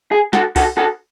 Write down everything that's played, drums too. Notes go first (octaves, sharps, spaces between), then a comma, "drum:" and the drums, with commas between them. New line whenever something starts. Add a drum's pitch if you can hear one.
G#4
F#4 A4, drum: snare
F#4 A4, drum: kick, open hi-hat
F#4 A4